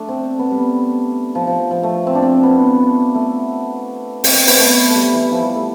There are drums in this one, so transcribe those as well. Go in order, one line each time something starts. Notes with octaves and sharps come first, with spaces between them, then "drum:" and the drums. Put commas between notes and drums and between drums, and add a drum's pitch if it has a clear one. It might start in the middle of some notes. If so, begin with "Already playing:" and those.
Already playing: A3 D4
C4
B3
G3
F3
F3
F3
A3
C4
D4
C4
B3
A3
C4, drum: open hi-hat
C4
B3, drum: open hi-hat
A3
G3 A3
E3
F3
G3
A3